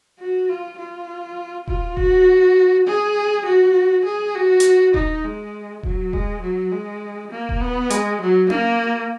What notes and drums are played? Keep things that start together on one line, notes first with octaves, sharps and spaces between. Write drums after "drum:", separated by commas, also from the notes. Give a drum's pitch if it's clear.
F#4
F4
F4
F4, drum: kick D#1
F#4, drum: kick D#1
G#4
F#4
G#4
F#4
drum: hi-hat
D#4, drum: kick D#1
G#3
F#3, drum: kick D#1
G#3, drum: kick D#1
F#3
G#3
A#3
drum: kick D#1
B3
G#3, drum: hi-hat
F#3
A#3, drum: tom C#4